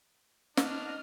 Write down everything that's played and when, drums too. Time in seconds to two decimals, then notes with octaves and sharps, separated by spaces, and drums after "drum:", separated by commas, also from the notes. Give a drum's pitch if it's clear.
0.57 D4 D#4 D5 D#5 F6, drum: snare